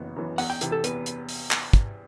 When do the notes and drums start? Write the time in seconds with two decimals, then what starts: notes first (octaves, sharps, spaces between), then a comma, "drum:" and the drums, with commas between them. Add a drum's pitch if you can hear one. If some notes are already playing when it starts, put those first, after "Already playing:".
Already playing: F#1 F#2 E3 B3
0.16 F#2 E3 B3
0.38 E2 F#5, drum: open hi-hat
0.50 G5
0.61 C3 E3 B3, drum: hi-hat
0.72 A4
0.84 E2 B4, drum: hi-hat
1.06 drum: hi-hat
1.29 drum: open hi-hat
1.51 drum: clap
1.73 drum: kick, hi-hat